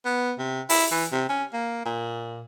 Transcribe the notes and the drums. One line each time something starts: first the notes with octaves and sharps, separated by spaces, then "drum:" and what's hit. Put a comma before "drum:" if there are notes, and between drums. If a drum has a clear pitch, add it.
B3
C3
E4, drum: open hi-hat
E3
C3
C#4
A#3
A#2